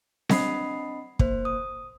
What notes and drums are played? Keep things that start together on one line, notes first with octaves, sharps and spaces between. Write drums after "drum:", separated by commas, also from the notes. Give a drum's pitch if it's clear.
C4 D4 D#5 B5 D#6 C7, drum: snare C4
A#3 C5, drum: kick
D#6